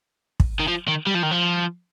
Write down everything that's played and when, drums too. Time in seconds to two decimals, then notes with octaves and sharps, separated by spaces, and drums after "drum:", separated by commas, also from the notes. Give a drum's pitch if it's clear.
0.40 drum: kick
0.60 D#3
0.68 F3
0.88 D#3
1.07 G3
1.15 F3
1.23 D#3
1.31 F3